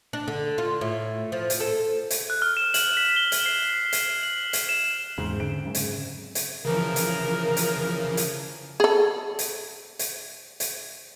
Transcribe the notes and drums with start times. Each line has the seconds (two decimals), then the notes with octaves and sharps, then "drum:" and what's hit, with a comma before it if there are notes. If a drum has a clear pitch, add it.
0.13 D4
0.28 D3
0.58 F4
0.81 A2
1.32 F3
1.50 drum: hi-hat
1.60 A4
2.10 drum: hi-hat
2.30 F#6
2.42 F6
2.57 E7
2.74 F#7, drum: hi-hat
2.97 B6
3.16 G7
3.32 drum: hi-hat
3.46 C7
3.74 C7
3.93 drum: hi-hat
4.23 F#7
4.53 drum: hi-hat
4.69 E7
5.18 E2 G#2 C#3 C4
5.40 D3 D7
5.65 F#1 G#2
5.75 drum: hi-hat
6.35 drum: hi-hat
6.65 C#3 E3 F3 A#4
6.96 drum: hi-hat
7.57 drum: hi-hat
8.17 drum: hi-hat
8.80 G#4 A4
9.39 drum: hi-hat
9.99 drum: hi-hat
10.60 drum: hi-hat